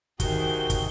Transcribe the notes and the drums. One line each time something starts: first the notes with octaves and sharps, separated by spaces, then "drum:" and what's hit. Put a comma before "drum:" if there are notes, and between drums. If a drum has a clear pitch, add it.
C3 D#3 F#4 G#4 G7, drum: kick, hi-hat
drum: kick, hi-hat